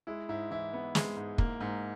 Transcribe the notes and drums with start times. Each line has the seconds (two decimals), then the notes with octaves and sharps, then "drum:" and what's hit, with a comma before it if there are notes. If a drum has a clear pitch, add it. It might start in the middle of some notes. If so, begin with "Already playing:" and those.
0.07 G#3 E4
0.29 G#2 E4
0.51 E3 E4
0.73 B3
0.95 G#3, drum: snare
1.17 G#2
1.38 A#3, drum: kick
1.60 G#2